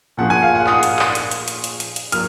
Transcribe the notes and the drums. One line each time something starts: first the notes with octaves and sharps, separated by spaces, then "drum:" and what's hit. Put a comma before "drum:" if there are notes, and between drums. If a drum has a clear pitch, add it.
A#2 F3 A#3 C#4 G#4 F#5
G#5
F5
F#5
D#6, drum: clap
drum: hi-hat
drum: clap
drum: hi-hat
drum: hi-hat
drum: hi-hat
drum: hi-hat
drum: hi-hat
drum: hi-hat
F#3 A#3 F6, drum: hi-hat